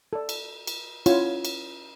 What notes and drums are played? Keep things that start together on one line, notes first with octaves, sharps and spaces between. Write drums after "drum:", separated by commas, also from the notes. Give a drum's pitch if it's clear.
A4 D5
drum: cymbal
drum: cymbal
C#4 E4 F4 C#5 F#5 C6, drum: cymbal
drum: cymbal